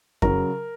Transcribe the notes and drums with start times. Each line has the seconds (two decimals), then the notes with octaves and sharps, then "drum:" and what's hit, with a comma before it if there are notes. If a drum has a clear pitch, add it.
0.22 C#3 F#3 A#4 A#5, drum: kick F2